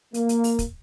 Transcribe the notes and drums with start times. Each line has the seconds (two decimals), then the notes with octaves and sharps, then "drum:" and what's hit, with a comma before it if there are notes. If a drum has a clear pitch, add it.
0.14 A#3, drum: hi-hat
0.29 drum: hi-hat
0.44 drum: open hi-hat
0.59 drum: kick, hi-hat